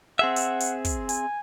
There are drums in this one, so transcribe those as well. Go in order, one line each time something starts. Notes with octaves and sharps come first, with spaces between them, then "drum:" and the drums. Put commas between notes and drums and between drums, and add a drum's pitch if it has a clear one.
C4 G#4 E5 F#5
drum: hi-hat
drum: hi-hat
drum: kick, hi-hat
G#5, drum: hi-hat